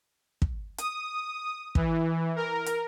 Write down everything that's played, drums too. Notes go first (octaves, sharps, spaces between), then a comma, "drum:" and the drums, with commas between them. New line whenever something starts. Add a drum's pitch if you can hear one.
drum: kick
D#6, drum: hi-hat
E3, drum: kick
A#4
drum: hi-hat